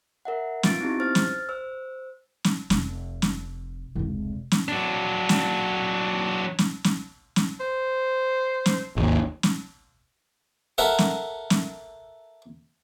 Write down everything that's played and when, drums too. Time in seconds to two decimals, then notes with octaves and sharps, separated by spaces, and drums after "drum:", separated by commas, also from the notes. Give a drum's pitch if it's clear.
0.25 A#4 E5 F#5
0.63 B3 F4 A6 D7, drum: snare
0.81 C4 D#4 E4 G4
1.00 C5 F6 A6
1.15 drum: snare
1.49 C5 E6
2.44 drum: snare
2.70 F1, drum: snare
3.22 drum: snare
3.95 F1 C#2
4.51 drum: snare
4.68 F#3 D4
5.29 drum: snare
6.59 drum: snare
6.84 drum: snare
7.36 drum: snare
7.60 C5
8.66 drum: snare
8.97 G#1 D#2
9.43 drum: snare
10.78 A4 A#4 E5 F#5
10.98 drum: snare
11.50 drum: snare